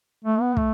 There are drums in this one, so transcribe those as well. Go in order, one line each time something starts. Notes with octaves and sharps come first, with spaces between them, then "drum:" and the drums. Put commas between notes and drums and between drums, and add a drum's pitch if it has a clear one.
A3
B3
A3, drum: kick